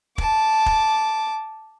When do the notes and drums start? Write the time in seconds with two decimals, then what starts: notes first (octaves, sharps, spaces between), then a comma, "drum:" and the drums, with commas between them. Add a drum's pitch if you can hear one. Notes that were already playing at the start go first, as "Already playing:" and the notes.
0.18 A5 D6, drum: kick
0.66 drum: kick